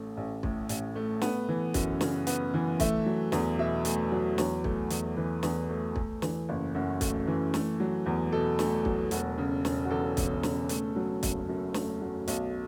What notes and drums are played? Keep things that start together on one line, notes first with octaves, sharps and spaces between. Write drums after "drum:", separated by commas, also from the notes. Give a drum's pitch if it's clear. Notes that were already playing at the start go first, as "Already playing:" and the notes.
Already playing: A1 A3
A1
A2, drum: kick
A1, drum: hi-hat
A3
B3, drum: snare
E3
F#2, drum: kick, hi-hat
C#3, drum: snare
B3, drum: hi-hat
E3
A3 E5, drum: kick, hi-hat
F#3
E2, drum: snare
B2 E5
A3, drum: hi-hat
F#3
E2 C#5, drum: snare
A3, drum: kick
E2, drum: hi-hat
E3 B4
E2, drum: snare
A3
A3, drum: kick
E3, drum: snare
F#1
F#2 F#4
A3, drum: kick, hi-hat
E3
A3, drum: snare
F#3
E2
B2 A4
A3, drum: snare
F#3, drum: kick
E1 F#4, drum: hi-hat
C#3
E1, drum: snare
F#4
E2 A4
E1, drum: kick, hi-hat
C#3, drum: snare
A3, drum: hi-hat
F#3
F#1, drum: kick, hi-hat
F#2
A3, drum: snare
F#3
B1, drum: hi-hat